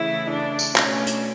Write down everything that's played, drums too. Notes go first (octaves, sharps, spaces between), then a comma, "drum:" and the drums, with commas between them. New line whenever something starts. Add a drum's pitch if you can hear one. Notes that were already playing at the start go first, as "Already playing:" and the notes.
Already playing: C#3 E3 A3 E4
D4
drum: tambourine
B2 A3 C#4 D4, drum: clap
drum: hi-hat